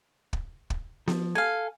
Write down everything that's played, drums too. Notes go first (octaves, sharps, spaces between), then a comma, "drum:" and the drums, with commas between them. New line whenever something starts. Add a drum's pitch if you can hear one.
drum: kick
drum: kick
F3, drum: snare B3
A4 F5 G#5